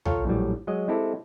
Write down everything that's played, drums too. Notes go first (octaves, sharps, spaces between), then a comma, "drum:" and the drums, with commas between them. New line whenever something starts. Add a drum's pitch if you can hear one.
F4 A4 C#5 F5 G5 A#5, drum: tom
A#1 A2 F#3 G3
F#3 G#3 D#5
G#3 C4 E4 G4 A4